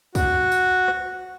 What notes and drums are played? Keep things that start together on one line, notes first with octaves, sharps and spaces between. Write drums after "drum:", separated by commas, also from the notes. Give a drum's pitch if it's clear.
F#4, drum: kick, tambourine
drum: tambourine
drum: rim click